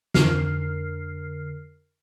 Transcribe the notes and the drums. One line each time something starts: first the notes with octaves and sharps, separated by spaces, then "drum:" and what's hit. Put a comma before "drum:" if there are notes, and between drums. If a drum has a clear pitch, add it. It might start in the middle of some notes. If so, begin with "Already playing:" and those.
F2 D3 A#4 F6 C7, drum: snare